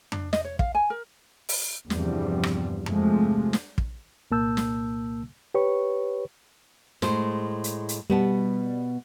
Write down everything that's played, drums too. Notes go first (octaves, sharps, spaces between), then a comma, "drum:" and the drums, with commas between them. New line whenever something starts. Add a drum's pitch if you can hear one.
D4, drum: tom F2
D#5, drum: snare
C#5
F5, drum: kick
G#5
A#4
drum: open hi-hat
E2 G2 C3 F3 G3, drum: snare
drum: rim click
C3 F3 G#3 A3, drum: tom F2
drum: snare
drum: kick
C2 A#2 A#3 A5 E6 G6
drum: snare
G4 B4 C#5 C#6
A2 G#3 C5, drum: snare
drum: hi-hat
drum: hi-hat
B2 G3 B3 A5